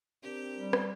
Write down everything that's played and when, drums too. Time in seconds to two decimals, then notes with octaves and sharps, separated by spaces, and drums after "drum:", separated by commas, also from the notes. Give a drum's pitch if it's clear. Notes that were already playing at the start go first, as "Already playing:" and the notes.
0.23 C4 D4 G4 A#4
0.56 G3
0.73 drum: rim click